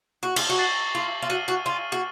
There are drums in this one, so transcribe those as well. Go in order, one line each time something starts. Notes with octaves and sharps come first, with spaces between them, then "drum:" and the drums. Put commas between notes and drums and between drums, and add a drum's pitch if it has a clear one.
F#4
F4, drum: cymbal
F#4
C#6 A6 C7 F#7
F4
F4
F#4 F6 A6 D#7 F#7
F#4
F4
F#4